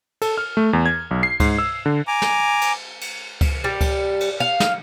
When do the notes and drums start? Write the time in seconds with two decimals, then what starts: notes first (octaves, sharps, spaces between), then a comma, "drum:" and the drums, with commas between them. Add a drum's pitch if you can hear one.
0.22 A4, drum: cymbal
0.38 F6
0.57 A3
0.73 E2
0.86 G#6
1.11 B1
1.23 C7
1.40 G#2, drum: kick C#2, cymbal
1.58 E6
1.86 D3
2.07 G#5 A#5 D6
2.22 drum: snare
2.62 drum: cymbal
3.01 drum: cymbal
3.41 drum: kick C#2, cymbal
3.64 G3
3.81 drum: kick C#2, cymbal
4.20 drum: cymbal
4.40 F5
4.60 drum: snare